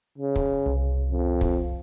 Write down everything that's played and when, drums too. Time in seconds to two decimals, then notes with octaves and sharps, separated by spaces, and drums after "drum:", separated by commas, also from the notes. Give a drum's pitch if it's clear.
0.18 C#3
0.36 drum: kick
0.66 C2
1.11 F2
1.41 drum: kick